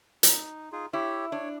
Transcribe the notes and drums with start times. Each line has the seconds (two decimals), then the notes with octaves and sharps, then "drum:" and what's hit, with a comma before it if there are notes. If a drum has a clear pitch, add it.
0.23 D#4, drum: hi-hat
0.72 D#4 F4 G#4
0.93 E4 G4 C#5
1.32 D4 C#5